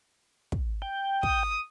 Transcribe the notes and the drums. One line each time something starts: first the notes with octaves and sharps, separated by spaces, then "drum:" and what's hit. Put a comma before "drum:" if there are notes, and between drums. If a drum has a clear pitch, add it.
drum: kick
G5
D#6, drum: kick